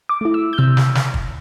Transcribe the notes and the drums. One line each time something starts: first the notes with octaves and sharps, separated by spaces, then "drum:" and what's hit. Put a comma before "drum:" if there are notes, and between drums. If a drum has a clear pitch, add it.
D6
A3 E4
E6
G6
C3 E6
drum: snare
drum: snare
drum: kick